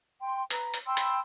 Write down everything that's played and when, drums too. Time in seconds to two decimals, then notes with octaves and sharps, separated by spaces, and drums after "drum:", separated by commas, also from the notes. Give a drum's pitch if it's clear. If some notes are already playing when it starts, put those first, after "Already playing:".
0.21 G5 C6
0.50 B4 A#5, drum: hi-hat
0.74 drum: hi-hat
0.87 G5 B5 C6 E6
0.97 drum: hi-hat